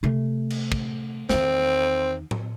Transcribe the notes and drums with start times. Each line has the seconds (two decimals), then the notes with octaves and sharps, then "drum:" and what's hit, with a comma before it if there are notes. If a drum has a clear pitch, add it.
0.03 C3 A3
0.50 drum: cymbal
0.72 drum: kick
1.29 E2 D#3 C4, drum: snare
2.31 drum: tom A2